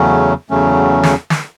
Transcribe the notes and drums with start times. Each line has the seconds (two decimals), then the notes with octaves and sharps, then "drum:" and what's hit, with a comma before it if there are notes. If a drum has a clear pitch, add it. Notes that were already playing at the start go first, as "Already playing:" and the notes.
Already playing: E2 C#3 F#3 A3 C#4
0.50 E2 C#3 F#3 A3 C#4
1.03 drum: snare
1.30 drum: snare